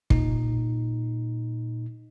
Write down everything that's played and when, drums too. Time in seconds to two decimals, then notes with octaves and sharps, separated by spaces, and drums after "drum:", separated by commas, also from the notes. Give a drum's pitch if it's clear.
0.10 A#2 D#4, drum: kick